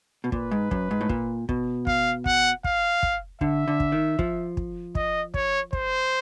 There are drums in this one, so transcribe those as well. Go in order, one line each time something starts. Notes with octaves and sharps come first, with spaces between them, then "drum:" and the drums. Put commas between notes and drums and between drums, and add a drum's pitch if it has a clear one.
B2
A#2 B4, drum: kick
G#2
F#2, drum: kick
G#2
A2
A#2, drum: kick
B2, drum: kick
F5, drum: kick
F#5, drum: kick
F5, drum: kick
drum: kick
D3 E5, drum: kick
D3
drum: kick
D#3
F3, drum: kick
drum: kick
D#5, drum: kick
C#5, drum: kick
C5, drum: kick